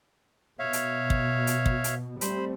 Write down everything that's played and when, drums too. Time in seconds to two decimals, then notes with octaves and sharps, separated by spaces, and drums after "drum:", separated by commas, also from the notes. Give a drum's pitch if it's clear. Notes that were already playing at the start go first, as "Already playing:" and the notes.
0.59 B2 C#5 E5 F5
0.73 drum: hi-hat
1.10 drum: kick
1.47 drum: hi-hat
1.66 drum: kick
1.84 drum: hi-hat
2.21 G3 A3 C4 C5 B5, drum: hi-hat